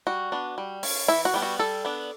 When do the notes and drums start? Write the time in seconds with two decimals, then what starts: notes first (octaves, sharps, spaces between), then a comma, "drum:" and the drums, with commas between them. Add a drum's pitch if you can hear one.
0.07 G3 F#4
0.32 B3 D4
0.58 G3
0.83 C#4, drum: open hi-hat
1.08 E3 E4
1.25 F#4
1.34 G3 B3 D4
1.42 F#4
1.59 G3 A4
1.85 B3 D4